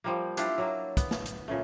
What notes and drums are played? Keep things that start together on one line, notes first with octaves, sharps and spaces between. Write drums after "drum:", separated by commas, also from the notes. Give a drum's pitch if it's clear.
F3 G3 A#3
D4 E4 F4 G4, drum: hi-hat
F#3 A#3
B3, drum: kick, hi-hat
drum: snare
drum: hi-hat
A#2 C#3 A3